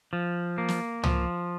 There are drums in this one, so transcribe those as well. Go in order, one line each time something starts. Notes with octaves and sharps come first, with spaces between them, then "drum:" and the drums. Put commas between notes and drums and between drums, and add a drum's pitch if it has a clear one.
F3
A#3
drum: snare
F3, drum: tom